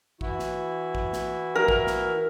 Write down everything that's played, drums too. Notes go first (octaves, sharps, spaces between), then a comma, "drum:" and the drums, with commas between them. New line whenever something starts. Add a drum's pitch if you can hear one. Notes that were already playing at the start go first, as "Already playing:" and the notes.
E3 E4 F#4, drum: kick A#1
drum: snare
drum: kick A#1
drum: snare
A#4
drum: kick A#1
drum: snare